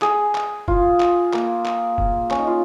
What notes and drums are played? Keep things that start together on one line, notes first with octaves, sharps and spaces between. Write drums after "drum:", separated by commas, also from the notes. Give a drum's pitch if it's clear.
G#4, drum: clap
drum: clap
F4, drum: kick
drum: clap
A#3, drum: clap
drum: clap
drum: kick
C#4, drum: clap
D#4
F4